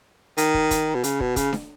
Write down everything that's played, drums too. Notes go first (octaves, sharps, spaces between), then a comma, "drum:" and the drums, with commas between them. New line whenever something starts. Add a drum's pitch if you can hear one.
D#3, drum: hi-hat
drum: kick
drum: kick, hi-hat
B2
C#3, drum: hi-hat
B2, drum: kick
C#3, drum: kick, hi-hat
drum: snare D4